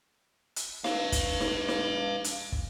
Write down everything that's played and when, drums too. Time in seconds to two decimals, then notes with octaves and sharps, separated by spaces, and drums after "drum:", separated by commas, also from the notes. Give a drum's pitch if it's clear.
0.56 drum: hi-hat
0.84 B4 F5, drum: snare D#4
1.12 drum: kick, hi-hat
1.40 drum: snare D#4
1.68 drum: snare D#4
2.24 drum: hi-hat
2.52 drum: kick